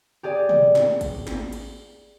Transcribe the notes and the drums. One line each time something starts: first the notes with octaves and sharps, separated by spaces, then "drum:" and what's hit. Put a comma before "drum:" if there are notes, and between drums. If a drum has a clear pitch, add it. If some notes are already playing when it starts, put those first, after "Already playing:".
G4 G#4 D5
drum: tom
drum: snare
drum: kick, cymbal
drum: snare
drum: cymbal